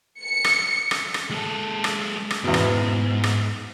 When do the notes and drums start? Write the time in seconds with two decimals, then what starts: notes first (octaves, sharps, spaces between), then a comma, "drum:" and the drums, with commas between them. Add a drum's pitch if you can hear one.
0.21 C#7
0.44 drum: rim click
0.91 drum: rim click
1.14 drum: rim click
1.31 G#3 A4
1.84 drum: rim click
2.30 drum: rim click
2.44 E2 G#2 B2
2.54 drum: rim click
3.24 drum: rim click